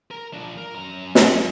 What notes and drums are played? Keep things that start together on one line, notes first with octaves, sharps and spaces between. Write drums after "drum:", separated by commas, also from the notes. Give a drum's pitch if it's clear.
A#4
F3 D4
A#4
F#2 A#5
drum: snare